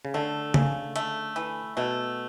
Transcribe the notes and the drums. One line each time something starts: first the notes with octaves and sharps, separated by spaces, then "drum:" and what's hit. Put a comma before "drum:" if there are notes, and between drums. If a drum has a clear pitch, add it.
C#3
D3 A3
C#3, drum: tom C#3
A3, drum: hi-hat
E3
B2 A3